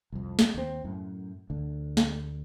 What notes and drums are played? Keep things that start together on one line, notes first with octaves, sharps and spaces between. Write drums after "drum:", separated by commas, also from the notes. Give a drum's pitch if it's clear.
C2 F2
drum: snare
D#2 C4
F#2 A2
D2 D3
drum: snare